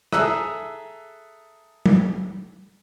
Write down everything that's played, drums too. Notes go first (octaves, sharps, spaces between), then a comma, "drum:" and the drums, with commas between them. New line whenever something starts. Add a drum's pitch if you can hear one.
G#4 A4 E5 A#5 E6 F#6, drum: rim click
drum: tom F#3